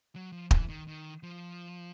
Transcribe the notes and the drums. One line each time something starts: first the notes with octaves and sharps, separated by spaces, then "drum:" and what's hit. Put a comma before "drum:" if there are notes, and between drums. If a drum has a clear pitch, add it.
F#3
F3
E3, drum: kick
D#3
D#3
F3